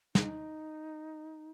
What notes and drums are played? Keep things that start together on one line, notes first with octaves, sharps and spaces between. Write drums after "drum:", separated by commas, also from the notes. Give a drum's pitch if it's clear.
D#4, drum: snare